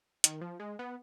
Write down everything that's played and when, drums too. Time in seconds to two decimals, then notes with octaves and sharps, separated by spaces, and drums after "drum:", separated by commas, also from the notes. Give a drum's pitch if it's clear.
0.24 D#3, drum: hi-hat
0.41 F3
0.60 G#3
0.79 B3